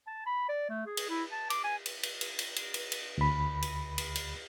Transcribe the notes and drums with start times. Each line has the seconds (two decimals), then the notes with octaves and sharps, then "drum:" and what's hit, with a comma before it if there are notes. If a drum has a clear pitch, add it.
0.07 A5
0.26 B5
0.49 D5
0.70 A3
0.86 G#4
0.97 drum: cymbal
1.09 E4
1.32 A5
1.50 D6, drum: cymbal
1.64 G#5
1.86 drum: cymbal
2.03 drum: cymbal
2.21 drum: cymbal
2.39 drum: cymbal
2.56 drum: cymbal
2.74 drum: cymbal
2.92 drum: cymbal
3.18 D2 B5
3.62 drum: cymbal
3.98 drum: cymbal
4.15 drum: cymbal